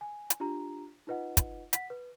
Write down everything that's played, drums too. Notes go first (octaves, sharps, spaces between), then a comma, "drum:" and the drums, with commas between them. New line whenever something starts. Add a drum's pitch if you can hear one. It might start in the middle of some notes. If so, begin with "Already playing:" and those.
G#5
drum: hi-hat
D4 F4 G4 A#5
D#4 F4 B4 D#5 F#5
drum: kick, hi-hat
F#5 B6, drum: hi-hat
B4